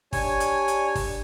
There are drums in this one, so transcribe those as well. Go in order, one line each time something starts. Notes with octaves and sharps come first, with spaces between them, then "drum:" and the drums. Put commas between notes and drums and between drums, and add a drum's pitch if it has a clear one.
D4 G4 C#5 G#5, drum: kick, open hi-hat
drum: hi-hat
drum: hi-hat
drum: kick, open hi-hat